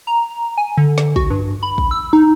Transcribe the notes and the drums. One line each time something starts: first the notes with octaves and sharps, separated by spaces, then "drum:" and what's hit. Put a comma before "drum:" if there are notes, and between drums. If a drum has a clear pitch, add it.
A#5
G#5
D3
drum: snare
F#4, drum: kick
G2
B5
drum: kick
E6
D#4